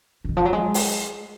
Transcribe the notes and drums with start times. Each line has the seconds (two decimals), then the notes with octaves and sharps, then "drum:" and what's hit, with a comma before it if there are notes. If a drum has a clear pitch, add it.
0.24 C#3
0.29 D#3
0.37 F3
0.45 F#3
0.53 G#3
0.74 drum: open hi-hat